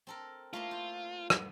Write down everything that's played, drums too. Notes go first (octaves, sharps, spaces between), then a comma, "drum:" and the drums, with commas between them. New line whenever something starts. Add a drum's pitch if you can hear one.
C4 A4 A#4
A3 A#3 E4 F4
C5
drum: rim click